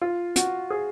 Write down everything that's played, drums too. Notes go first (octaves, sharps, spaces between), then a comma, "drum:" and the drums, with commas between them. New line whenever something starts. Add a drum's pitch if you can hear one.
F4
F#4, drum: hi-hat
G#4